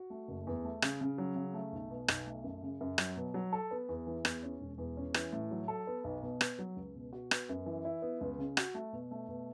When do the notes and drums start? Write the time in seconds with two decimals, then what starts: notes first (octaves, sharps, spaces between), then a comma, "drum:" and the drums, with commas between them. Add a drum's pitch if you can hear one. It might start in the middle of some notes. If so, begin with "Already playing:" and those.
Already playing: F#4
0.10 A3
0.28 F#1
0.47 E2
0.64 A3
0.82 C#3, drum: rim click
1.01 C#3
1.18 F#3
1.36 C#3
1.54 A3
1.72 B1
1.90 B2
2.08 B1, drum: rim click
2.27 A3
2.44 F#2
2.63 C#3
2.81 F#2
2.98 F#3, drum: rim click
3.17 B2
3.34 F#3
3.53 A4
3.71 B3
3.89 E2
4.07 E3
4.25 E2, drum: rim click
4.43 C#4
4.60 E1
4.78 E2
4.97 C#4
5.14 E3, drum: rim click
5.33 A2
5.51 F#3
5.68 A4
5.87 B3
6.04 B1
6.23 B2
6.41 B3, drum: rim click
6.59 F#3
6.76 C#2
6.95 B2
7.13 F#4
7.31 B3, drum: rim click
7.49 F#2
7.66 E3
7.85 E4
8.02 B3
8.21 C#2
8.39 C#3
8.57 F#4, drum: rim click
8.74 A3
8.93 B2
9.11 A3
9.28 B2